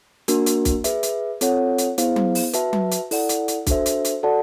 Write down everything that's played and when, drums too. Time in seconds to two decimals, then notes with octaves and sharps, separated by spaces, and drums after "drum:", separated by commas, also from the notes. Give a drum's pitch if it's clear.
0.28 A#3 D4 F#4 A#4, drum: hi-hat
0.46 drum: hi-hat
0.65 drum: kick B1, hi-hat
0.84 G#4 B4 E5, drum: hi-hat
1.03 drum: hi-hat
1.41 C4 F4 A4 C#5 F#5, drum: hi-hat
1.78 drum: hi-hat
1.98 B3 E4 G#4 C5 F5, drum: hi-hat
2.16 drum: tom F#3
2.35 drum: open hi-hat
2.53 F#4 B4 E5 A5, drum: hi-hat
2.73 drum: tom F#3
2.92 drum: hi-hat
3.11 E4 A4 D5 F#5, drum: open hi-hat
3.29 drum: hi-hat
3.48 drum: hi-hat
3.67 D4 F#4 A4 C5 E5, drum: kick B1, hi-hat
3.86 drum: hi-hat
4.05 drum: hi-hat
4.23 F#4 A4 D5 F#5 A5